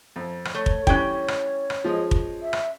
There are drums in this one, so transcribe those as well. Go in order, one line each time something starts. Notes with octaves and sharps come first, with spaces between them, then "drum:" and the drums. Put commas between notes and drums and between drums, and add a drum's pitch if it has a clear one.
F2
drum: rim click
A3 C#5
drum: kick
E3 G3 C#4 G5 F#6, drum: kick
drum: rim click
drum: rim click
F3 G#3 D#5
drum: kick
E5
drum: rim click